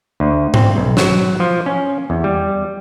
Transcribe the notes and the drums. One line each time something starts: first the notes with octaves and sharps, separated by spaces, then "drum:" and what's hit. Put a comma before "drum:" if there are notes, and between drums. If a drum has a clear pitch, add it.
D2
C4, drum: tom G#2
B1
F#3, drum: snare
F3
C#4
E2
G3